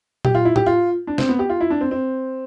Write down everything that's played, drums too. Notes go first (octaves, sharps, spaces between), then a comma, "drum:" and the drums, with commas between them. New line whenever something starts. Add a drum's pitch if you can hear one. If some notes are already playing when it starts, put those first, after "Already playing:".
G4, drum: tom A#2
F4
E4
G4, drum: tom A2
F4
D4
C4, drum: snare
B3
G4
F4
E4
D4
C4
C4